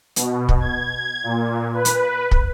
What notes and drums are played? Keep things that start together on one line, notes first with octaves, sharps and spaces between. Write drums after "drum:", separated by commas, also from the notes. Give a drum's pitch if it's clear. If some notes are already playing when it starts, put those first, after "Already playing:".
B2, drum: hi-hat
drum: kick
G#6
A#2
B4
drum: hi-hat
drum: kick